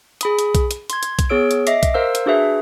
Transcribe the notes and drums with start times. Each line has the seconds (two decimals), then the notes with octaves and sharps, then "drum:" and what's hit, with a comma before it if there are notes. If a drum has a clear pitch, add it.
0.21 G#4 B5 D#6, drum: hi-hat
0.39 drum: hi-hat
0.55 drum: kick B1, hi-hat
0.71 drum: hi-hat
0.90 C6 G#6, drum: hi-hat
1.03 drum: hi-hat
1.19 drum: kick B1, hi-hat
1.30 B3 G#4 C#5 E6 D7
1.51 drum: hi-hat
1.67 D#5 E5 D6 A#6 C7, drum: hi-hat
1.83 drum: kick B1, hi-hat
1.94 A#4 C5 F5 E6
2.15 drum: hi-hat
2.26 D4 F#4 G#4 B4 E5